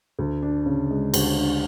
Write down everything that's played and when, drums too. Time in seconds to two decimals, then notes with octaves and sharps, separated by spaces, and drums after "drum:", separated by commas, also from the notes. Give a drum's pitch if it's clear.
0.19 D2
0.42 D4
0.66 C#3
0.90 G#3
1.14 D2, drum: cymbal
1.37 D4